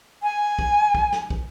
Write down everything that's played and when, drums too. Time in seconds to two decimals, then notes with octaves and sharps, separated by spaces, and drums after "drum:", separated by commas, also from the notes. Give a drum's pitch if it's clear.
0.23 G#5
0.59 drum: kick
0.95 drum: kick
1.12 drum: snare
1.30 drum: kick